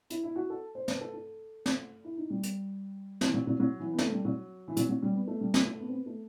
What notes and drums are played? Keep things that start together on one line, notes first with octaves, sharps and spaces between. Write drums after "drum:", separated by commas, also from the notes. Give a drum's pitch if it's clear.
E4, drum: hi-hat
E4
F#4
A4
C5
B4, drum: snare
A4
A4
drum: snare
E4
D#4
G3
drum: hi-hat
E3, drum: snare
F#3
F#3
F#3
E3
B3
A3, drum: snare
G3
F#3
E3
F#3, drum: hi-hat
F#3
G3
B3
A3
G3
A3, drum: snare
A3
B3
C4
B3
A3